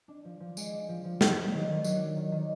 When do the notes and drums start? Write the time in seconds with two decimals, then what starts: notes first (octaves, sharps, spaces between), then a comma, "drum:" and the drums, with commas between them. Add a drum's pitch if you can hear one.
0.08 D4
0.25 F3
0.40 F3
0.57 G#3, drum: tambourine
0.73 D4
0.89 F3
1.05 F3
1.21 F#3, drum: snare
1.36 D4
1.52 D#3
1.68 D#3
1.84 F#3, drum: tambourine
2.00 D4
2.16 D#3
2.32 D#3